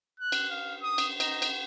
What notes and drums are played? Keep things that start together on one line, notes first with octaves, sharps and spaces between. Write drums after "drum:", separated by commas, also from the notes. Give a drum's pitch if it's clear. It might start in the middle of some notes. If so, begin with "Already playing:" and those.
F#6
drum: cymbal
F5
D#6
drum: cymbal
D#4, drum: cymbal
drum: cymbal